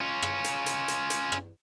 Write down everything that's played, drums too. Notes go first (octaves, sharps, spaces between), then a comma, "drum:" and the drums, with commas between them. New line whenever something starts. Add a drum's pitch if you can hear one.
C#4 F4
drum: rim click
drum: hi-hat
drum: hi-hat
drum: hi-hat
drum: hi-hat
drum: rim click